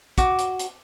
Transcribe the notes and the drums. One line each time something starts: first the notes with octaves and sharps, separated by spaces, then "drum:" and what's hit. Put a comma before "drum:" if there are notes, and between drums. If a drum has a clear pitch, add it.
F#4 D6, drum: kick, hi-hat
drum: hi-hat
drum: hi-hat